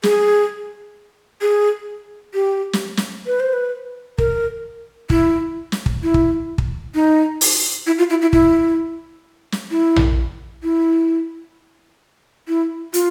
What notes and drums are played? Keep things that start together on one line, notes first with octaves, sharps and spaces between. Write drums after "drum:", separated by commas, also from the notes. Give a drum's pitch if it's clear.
G#4, drum: snare
G#4
G4
drum: snare
drum: snare
B4
C5
B4
A#4, drum: kick
E4, drum: kick
drum: snare
drum: kick
E4
drum: kick
drum: kick
D#4
drum: open hi-hat
E4
F4
E4
E4
E4, drum: kick
drum: snare
E4
drum: tom A#1
E4
E4
F4, drum: hi-hat